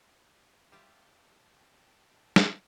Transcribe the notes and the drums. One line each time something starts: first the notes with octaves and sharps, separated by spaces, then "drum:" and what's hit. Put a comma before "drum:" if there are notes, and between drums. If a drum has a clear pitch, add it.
G3 F4 G4 E5 G5 A5
drum: snare